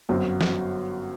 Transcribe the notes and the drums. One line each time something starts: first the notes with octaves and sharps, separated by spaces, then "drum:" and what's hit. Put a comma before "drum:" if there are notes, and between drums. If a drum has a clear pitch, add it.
G1 F#2 F#3 C4
drum: snare